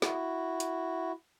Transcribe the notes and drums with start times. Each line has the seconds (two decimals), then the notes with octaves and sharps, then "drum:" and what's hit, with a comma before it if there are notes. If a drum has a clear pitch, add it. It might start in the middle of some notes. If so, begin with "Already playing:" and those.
0.02 E4 F#4, drum: snare
0.60 drum: hi-hat